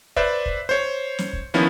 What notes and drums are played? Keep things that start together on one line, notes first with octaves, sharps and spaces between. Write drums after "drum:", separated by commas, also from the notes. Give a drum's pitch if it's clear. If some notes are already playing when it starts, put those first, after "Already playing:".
B4 C5 D5 E5, drum: kick
drum: kick
C5 C#5
drum: snare
drum: kick
D#3 F3 B3 C#4 E4